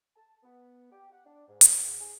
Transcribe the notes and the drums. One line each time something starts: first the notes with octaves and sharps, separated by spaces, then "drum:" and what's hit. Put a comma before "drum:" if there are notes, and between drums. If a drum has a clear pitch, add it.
A5
B3
G4
F#5
D4
G#2
drum: hi-hat
G#4